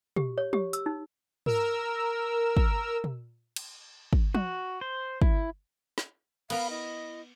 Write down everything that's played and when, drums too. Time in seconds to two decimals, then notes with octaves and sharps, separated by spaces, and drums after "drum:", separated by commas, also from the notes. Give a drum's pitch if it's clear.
0.16 G4, drum: tom
0.38 C#5
0.53 G4, drum: tom
0.73 E6, drum: hi-hat
0.86 D#4
1.46 A#4 E6, drum: tom
2.57 drum: kick
3.04 drum: tom
3.56 drum: cymbal
4.13 drum: kick
4.35 F#4, drum: tom
4.81 C5
5.22 E4, drum: kick
5.98 drum: snare
6.50 B3 A#4 F5 B5, drum: cymbal
6.70 E4 D#5